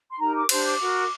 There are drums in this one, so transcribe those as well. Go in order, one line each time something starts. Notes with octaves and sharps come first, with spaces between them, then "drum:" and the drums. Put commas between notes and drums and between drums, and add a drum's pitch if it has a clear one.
C6
D#4 G4 A#4 A#5
D6
D4 G4 C5 C6, drum: cymbal
D6
F#4 A#4